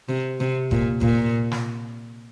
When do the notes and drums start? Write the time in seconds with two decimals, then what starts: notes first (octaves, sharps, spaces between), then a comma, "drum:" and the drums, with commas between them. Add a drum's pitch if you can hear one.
0.09 C3
0.40 C3
0.71 A#2, drum: kick F#1
1.01 A#2, drum: kick F#1
1.51 drum: snare